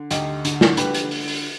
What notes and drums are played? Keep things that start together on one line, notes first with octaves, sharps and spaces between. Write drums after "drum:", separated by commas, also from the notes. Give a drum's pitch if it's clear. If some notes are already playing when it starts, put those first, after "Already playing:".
Already playing: D3
D2 D#4 G4, drum: hi-hat
D3, drum: hi-hat
drum: snare
D3 G4 B4, drum: hi-hat
drum: hi-hat
drum: open hi-hat
drum: open hi-hat